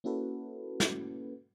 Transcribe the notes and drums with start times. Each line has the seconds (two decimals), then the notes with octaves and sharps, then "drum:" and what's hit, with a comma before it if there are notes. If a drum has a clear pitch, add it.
0.04 A#3 C#4 E4 F#4 A4 B4
0.80 drum: snare